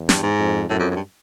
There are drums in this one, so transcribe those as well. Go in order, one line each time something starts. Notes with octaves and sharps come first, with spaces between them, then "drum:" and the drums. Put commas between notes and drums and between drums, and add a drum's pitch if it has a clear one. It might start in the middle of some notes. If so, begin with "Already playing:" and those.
Already playing: E2
G2, drum: snare
G#2
F2
F#2 A2
F2
F2
G2